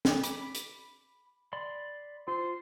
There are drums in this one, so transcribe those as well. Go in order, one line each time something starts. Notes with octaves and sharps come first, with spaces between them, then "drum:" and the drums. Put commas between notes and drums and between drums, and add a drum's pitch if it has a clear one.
drum: snare
B5 D6, drum: hi-hat
drum: hi-hat
D5 B5 C6
F4 C5